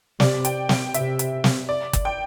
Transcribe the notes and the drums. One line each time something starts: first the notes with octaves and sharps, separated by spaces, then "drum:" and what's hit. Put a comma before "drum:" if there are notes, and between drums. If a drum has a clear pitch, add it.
C3 D5, drum: snare
G5, drum: hi-hat
G5, drum: snare
C3 E5, drum: hi-hat
drum: hi-hat
drum: snare
D5
drum: kick, hi-hat
G5